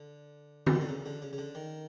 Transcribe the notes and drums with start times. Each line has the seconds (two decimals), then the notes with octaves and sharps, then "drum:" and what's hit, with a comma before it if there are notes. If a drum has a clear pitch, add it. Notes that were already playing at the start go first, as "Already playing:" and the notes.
Already playing: D3
0.67 E3, drum: tom
0.73 D#3
0.81 D3
0.89 C#3
1.06 D3
1.22 C#3
1.33 C#3
1.38 D3
1.55 D#3